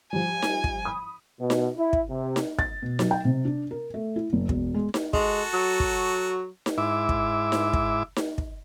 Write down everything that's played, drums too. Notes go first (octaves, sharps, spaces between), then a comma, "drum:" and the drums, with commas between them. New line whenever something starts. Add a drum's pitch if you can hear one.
F3 G3 G#5
drum: snare D#4
drum: kick
B5 D#6
B2
drum: snare D#4
E4
drum: kick
C3
drum: snare D#4
A6, drum: kick
B2
F#3, drum: snare D#4
G5
C3
D4
A#4
A3
E4
F#1
E1, drum: kick
G#3
drum: snare D#4
G#3 F#4 A4, drum: kick
F#3
drum: kick
drum: snare D#4
G#2 E4 E5 D6
drum: kick
drum: snare D#4
drum: kick
drum: snare D#4
drum: kick